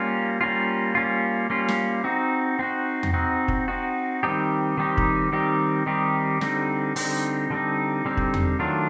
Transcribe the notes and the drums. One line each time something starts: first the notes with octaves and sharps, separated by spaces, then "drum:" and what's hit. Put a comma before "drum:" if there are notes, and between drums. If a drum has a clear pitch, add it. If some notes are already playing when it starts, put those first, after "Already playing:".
Already playing: G3 A#3 C#4 F4
G3 A#3 C#4 F4
G3 A#3 C#4 F4
G3 A#3 C#4 F4
drum: snare
C4 D#4 F#4
C4 D#4 F#4
drum: tom E2
C4 D#4 F#4
drum: kick
C4 D#4 F#4
D#3 G3 C4 D#4 G4
D#3 G3 C4 D#4 G4
drum: kick
D#3 G3 C4 D#4 G4
D#3 G3 C4 D#4 G4
D3 G3 C4 D#4, drum: snare
D3 G3 C4 D#4, drum: open hi-hat
D3 G3 C4 D#4
D3 G3 C4 D#4
drum: kick
drum: tom E2
D#3 F#3 A3 D4 F4